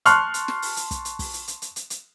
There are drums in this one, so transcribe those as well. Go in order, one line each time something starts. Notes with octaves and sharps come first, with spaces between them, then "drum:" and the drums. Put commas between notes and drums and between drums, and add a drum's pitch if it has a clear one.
A5 C6 C#6 F6 F#6, drum: hi-hat
drum: hi-hat
drum: snare
drum: open hi-hat
drum: hi-hat
drum: kick, hi-hat
drum: hi-hat
drum: kick, open hi-hat
drum: hi-hat
drum: hi-hat
drum: hi-hat
drum: hi-hat
drum: hi-hat